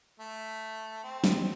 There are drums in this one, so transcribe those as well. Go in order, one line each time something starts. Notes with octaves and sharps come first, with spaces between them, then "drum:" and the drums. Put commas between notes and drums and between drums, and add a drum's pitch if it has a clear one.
A3
C4
drum: snare